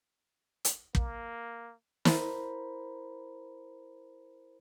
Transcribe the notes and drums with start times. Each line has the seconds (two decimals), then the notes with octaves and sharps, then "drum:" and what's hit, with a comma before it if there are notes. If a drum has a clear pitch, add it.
0.65 drum: hi-hat
0.95 A#3, drum: kick
2.05 E4 A#4 C5 A#5 B5, drum: snare